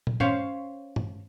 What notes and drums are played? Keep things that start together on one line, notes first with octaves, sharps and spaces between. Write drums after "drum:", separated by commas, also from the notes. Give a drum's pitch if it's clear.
drum: tom
C#4 C5 C#5 F5, drum: tom G2
drum: tom G2